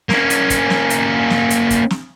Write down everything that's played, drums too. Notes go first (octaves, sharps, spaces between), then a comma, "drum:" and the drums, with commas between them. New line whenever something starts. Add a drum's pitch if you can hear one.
A#3 C#4, drum: snare
drum: hi-hat
drum: kick, hi-hat
drum: snare
drum: hi-hat
drum: snare
drum: hi-hat
drum: kick, hi-hat
drum: snare